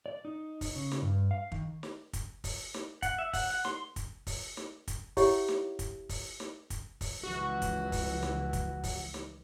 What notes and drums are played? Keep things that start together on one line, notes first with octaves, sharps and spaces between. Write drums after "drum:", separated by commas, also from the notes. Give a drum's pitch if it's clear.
D5
D#4
drum: kick, open hi-hat
C#3
drum: snare
G2
F5
D#3, drum: kick
drum: snare
drum: kick, hi-hat
drum: kick, open hi-hat
drum: snare
F#5, drum: kick, hi-hat
E5
F#5, drum: kick, open hi-hat
F#5
C6, drum: snare
drum: kick, hi-hat
drum: kick, open hi-hat
drum: snare
drum: kick, hi-hat
E4 G4 C#5 E5 F#5, drum: kick, open hi-hat
drum: snare
drum: kick, hi-hat
drum: kick, open hi-hat
drum: snare
drum: kick, hi-hat
drum: kick, open hi-hat
C#2 E3 F3 F#4
drum: kick, hi-hat
drum: kick, open hi-hat
drum: snare
drum: kick, hi-hat
drum: kick, open hi-hat
drum: snare